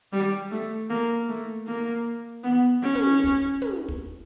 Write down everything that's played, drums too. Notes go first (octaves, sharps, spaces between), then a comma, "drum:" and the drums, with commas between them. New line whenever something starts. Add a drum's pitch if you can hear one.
G3, drum: open hi-hat
A3
A#3
A3
A#3
B3
C#4
drum: tom
drum: kick
drum: tom
drum: kick